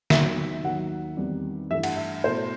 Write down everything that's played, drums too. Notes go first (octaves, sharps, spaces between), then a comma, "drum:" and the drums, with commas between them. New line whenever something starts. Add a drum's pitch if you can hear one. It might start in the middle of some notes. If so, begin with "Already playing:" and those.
D#2 D#3 F#3 B3 E5, drum: snare
D#2 D#3 F#3 F#5
E2 D#3 G3 C4
G2 E3 A3 E4 E5
F#5, drum: cymbal
E5
B2 A3 E4 C5